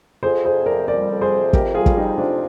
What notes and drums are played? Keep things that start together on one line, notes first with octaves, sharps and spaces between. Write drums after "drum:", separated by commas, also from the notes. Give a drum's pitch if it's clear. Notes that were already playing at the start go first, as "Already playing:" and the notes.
F2 G#4 C5
C3 G#4 C5
F2 A#4 D5
G3 A#4 D5
F2
G#4 C5
C3
F2 G4 A#4, drum: kick
G3 F4 G#4
drum: kick
F2 D#4 G4
C3 D4 F4